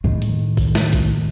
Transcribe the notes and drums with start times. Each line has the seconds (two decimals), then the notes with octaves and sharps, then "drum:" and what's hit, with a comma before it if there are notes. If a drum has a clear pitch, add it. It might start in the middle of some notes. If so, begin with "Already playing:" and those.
0.04 A2 D#3
0.22 drum: hi-hat
0.57 drum: kick, open hi-hat
0.75 drum: snare
0.93 drum: kick, hi-hat